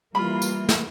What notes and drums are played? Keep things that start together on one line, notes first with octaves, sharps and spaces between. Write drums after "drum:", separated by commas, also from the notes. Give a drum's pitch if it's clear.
E3 G3 A#3 F4 B5
drum: tambourine
drum: snare